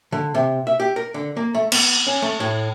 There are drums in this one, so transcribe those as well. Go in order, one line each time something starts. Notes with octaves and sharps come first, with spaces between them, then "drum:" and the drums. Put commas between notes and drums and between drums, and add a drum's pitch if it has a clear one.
D3
C3
E5
G4
A#4
D3
A#3
A3
B3, drum: cymbal
C#4
A3
A2